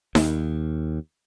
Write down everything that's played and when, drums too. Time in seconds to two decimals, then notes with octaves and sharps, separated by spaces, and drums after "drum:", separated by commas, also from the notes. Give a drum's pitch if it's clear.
0.15 D#2, drum: snare D#4